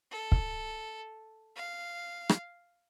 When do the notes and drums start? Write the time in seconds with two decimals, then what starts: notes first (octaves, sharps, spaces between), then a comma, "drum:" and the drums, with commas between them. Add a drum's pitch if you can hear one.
0.11 A4
0.32 drum: kick
1.56 F5
2.29 drum: rim click